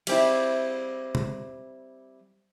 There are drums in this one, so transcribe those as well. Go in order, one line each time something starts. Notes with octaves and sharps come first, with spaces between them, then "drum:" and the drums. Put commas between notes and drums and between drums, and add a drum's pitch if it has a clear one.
G3 C4 E4, drum: cymbal
drum: tom